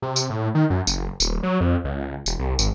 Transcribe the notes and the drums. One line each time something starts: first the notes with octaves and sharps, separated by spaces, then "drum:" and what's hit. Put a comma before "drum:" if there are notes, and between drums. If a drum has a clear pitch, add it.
C3
drum: tambourine
A2
D#3
F#2
F#1, drum: tambourine
D#1, drum: tambourine
F#3
F2
C#2
E1, drum: tambourine
C2
G#1, drum: tambourine